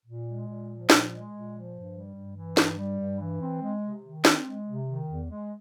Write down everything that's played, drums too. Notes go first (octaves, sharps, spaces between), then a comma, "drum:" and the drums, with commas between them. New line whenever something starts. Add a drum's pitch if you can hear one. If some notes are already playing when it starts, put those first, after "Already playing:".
A#2
G#3
A#2
F3
A#2, drum: snare
G#3
A#2
F3
G2
G3
G2
E3
G2, drum: snare
G3
G2
E3
C4
G#3
C3
D#3
C4, drum: snare
G#3
C3
D#3
E2
G#3